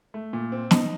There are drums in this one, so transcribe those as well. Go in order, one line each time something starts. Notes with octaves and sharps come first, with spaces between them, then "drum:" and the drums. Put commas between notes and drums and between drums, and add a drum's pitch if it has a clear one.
A3
A#2
C4
D#4, drum: snare